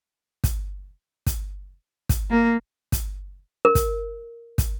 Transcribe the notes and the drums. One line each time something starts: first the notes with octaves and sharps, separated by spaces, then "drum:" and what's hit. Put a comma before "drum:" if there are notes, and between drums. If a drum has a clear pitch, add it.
drum: kick, hi-hat
drum: kick, hi-hat
drum: kick, hi-hat
A#3
drum: kick, hi-hat
A#4
drum: kick, hi-hat
drum: kick, hi-hat